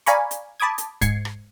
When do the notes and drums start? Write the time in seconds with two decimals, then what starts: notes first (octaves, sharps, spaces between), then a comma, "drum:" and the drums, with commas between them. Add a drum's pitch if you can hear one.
0.06 D5 F5 G#5 A#5 B5 C#6, drum: hi-hat
0.31 drum: hi-hat
0.60 A5 B5 D6 D#6 G#6
0.78 drum: hi-hat
1.01 G#2 G#6 C7 C#7, drum: kick C#1, hi-hat
1.25 drum: rim click